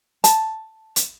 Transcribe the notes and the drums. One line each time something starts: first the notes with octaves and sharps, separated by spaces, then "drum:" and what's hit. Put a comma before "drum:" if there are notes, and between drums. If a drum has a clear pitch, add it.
A5, drum: hi-hat
drum: hi-hat